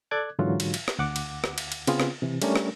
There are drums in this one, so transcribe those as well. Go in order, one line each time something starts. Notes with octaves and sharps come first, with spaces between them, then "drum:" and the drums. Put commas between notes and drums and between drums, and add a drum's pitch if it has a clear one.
A4 D5 D6 F#6 G#6
G#2 D3 E3 F#3 F4 F#4
drum: cymbal
drum: cymbal
drum: rim click
D2 F#5 D6
drum: cymbal
drum: rim click
drum: cymbal
drum: cymbal
C#3 B3 C4 F4 G#4, drum: cymbal
drum: rim click
C3 E3
G3 A3 C#4 D4 A#4, drum: cymbal
drum: rim click